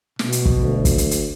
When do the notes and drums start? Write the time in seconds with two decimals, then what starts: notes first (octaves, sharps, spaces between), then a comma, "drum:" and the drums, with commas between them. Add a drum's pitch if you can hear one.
0.19 B2, drum: snare
0.32 drum: hi-hat
0.45 drum: kick
0.62 D2
0.85 drum: kick, hi-hat
0.98 drum: hi-hat
1.11 drum: hi-hat